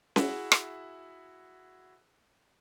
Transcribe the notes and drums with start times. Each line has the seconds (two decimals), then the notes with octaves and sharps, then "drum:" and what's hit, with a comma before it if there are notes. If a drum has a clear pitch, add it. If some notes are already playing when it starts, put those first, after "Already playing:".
0.16 E4 F#4 G#4 E5, drum: snare C#4
0.52 drum: rim click